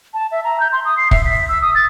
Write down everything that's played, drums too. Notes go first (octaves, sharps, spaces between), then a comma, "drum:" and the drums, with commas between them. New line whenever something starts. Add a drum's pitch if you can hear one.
A5
E5
A#5
G6
C6
D#6
C7
E5, drum: kick
B6
E6
D#6
A6